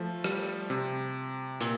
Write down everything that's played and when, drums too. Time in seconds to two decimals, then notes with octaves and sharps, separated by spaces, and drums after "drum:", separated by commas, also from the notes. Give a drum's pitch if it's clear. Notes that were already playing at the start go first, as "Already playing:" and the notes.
Already playing: F3 A3
0.24 G3, drum: rim click
0.70 C3
1.61 A#2, drum: hi-hat